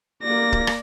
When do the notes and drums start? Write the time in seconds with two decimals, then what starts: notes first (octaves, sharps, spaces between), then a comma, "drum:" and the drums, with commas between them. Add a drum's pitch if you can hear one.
0.23 A#3 D5 A#6
0.52 drum: kick
0.67 drum: rim click